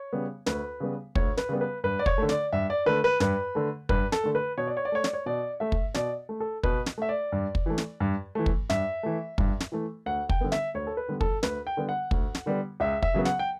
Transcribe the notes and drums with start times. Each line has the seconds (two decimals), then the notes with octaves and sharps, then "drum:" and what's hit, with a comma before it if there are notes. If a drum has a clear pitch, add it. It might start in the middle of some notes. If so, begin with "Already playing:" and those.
Already playing: C#5
0.13 C#3 G3 B3
0.46 D2 B4, drum: snare
0.80 C#3 G3 B3
1.15 D2 C#5, drum: kick
1.37 B4, drum: snare
1.49 C#3 G3 B3
1.61 B4
1.84 G2 B4
1.99 D5
2.06 C#5, drum: kick
2.18 D3 A3
2.29 D5, drum: snare
2.52 G2 E5
2.70 D5
2.86 D3 A3 B4
3.04 B4
3.20 G2 B4, drum: snare
3.55 D3 A3
3.89 G2 B4, drum: kick
4.12 A4, drum: snare
4.24 D3 A3
4.35 B4
4.58 B2 C#5
4.67 D5
4.77 C#5
4.85 D5
4.92 A3 C#5
5.04 D5, drum: snare
5.13 C#5
5.26 B2 D5
5.60 A3 E5
5.72 drum: kick
5.94 B2 D5, drum: snare
6.29 A3
6.40 A4
6.63 B2 B4, drum: kick
6.86 drum: snare
6.98 A3 E5
7.09 D5
7.32 G2
7.55 drum: kick
7.66 E3 A3
7.78 drum: snare
8.00 G2
8.35 E3 A3
8.46 drum: kick
8.70 G2 E5, drum: snare
9.03 E3 A3
9.38 G2, drum: kick
9.60 drum: snare
9.72 E3 A3
10.06 D2 F#5
10.29 G5, drum: kick
10.41 D3 G3 B3
10.52 E5, drum: snare
10.74 D2 C#5
10.87 A4
10.97 B4
11.09 D3 G3 B3
11.21 A4, drum: kick
11.43 D2 B4, drum: snare
11.67 G5
11.77 D3 G3 B3
11.89 F#5
12.11 D2, drum: kick
12.35 drum: snare
12.46 D3 G3 B3
12.80 C#2 E5
13.02 E5, drum: kick
13.14 C#3 F#3 B3
13.25 F#5, drum: snare
13.39 G5